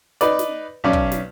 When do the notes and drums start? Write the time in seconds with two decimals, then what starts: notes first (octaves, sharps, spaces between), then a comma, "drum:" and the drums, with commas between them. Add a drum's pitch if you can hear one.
0.21 D#4 B4 D5, drum: snare
0.39 drum: snare
0.84 B1 C#4 D5
0.93 drum: kick
1.12 drum: snare